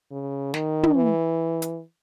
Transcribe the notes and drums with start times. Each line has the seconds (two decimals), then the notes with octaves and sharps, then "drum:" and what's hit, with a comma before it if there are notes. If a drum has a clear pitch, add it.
0.12 C#3
0.54 D#3, drum: snare
0.83 drum: tom
0.95 E3
1.62 drum: hi-hat